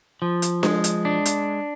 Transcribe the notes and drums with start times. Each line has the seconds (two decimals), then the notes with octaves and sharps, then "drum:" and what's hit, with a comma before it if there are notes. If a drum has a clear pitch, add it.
0.22 F3
0.42 drum: hi-hat
0.63 G#3, drum: snare D4
0.84 drum: hi-hat
1.05 D4
1.26 drum: hi-hat